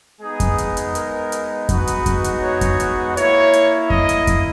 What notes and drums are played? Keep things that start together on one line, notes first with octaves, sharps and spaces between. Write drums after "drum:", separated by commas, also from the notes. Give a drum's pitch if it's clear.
G#3 B3 D#4 G#4
drum: kick F2, hi-hat
drum: hi-hat
drum: hi-hat
A#4, drum: hi-hat
drum: hi-hat
G#3 B3 D#4 F#4 B4, drum: kick F2, hi-hat
drum: hi-hat
drum: kick F2, hi-hat
drum: hi-hat
C#5
drum: kick F2, hi-hat
drum: hi-hat
A#3 E4 C#5, drum: hi-hat
drum: hi-hat
D#5, drum: kick F2
drum: hi-hat
drum: kick F2, hi-hat